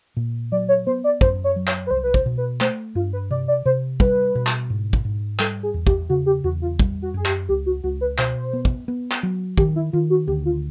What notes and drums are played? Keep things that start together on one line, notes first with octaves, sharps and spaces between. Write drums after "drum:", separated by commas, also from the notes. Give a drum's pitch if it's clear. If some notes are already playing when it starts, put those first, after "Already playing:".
A#2
F#3 D5
C#5
B3 C5
D5
F#2 C5, drum: kick
C#5
F#3
C#5, drum: clap
B4
C2 C5
B4
C5, drum: kick
B2
B4
A3 C5, drum: clap
G2 F4
B4
C3 D5
D5
C3 C5
G3 B4, drum: kick
B2
drum: clap
G#2
drum: kick
G#2
G3 A4, drum: clap
G#4
E2
G4, drum: kick
C#3 F#4
G4
E2 F#4
F4
G3, drum: kick
F#4
F#2 G#4
G4, drum: clap
C#2 G4
F#4
C#2 F#4
B4
B2 C5, drum: clap
B3
drum: kick
B3
drum: clap
F#3
D#3 G4, drum: kick
E4
D#3 F4
F#4
D2 G4
F4